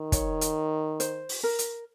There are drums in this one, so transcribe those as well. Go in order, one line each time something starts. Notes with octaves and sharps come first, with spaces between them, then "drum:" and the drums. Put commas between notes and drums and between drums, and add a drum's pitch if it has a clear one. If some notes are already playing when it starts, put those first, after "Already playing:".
Already playing: D#3
C#5, drum: kick, hi-hat
drum: hi-hat
C5, drum: hi-hat
drum: open hi-hat
A#4
drum: hi-hat